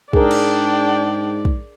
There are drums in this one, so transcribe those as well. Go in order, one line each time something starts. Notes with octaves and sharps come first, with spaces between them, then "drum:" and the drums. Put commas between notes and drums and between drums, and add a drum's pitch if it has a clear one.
G#2 D4 G#4 A#4 D5 G5, drum: kick
drum: cymbal
drum: kick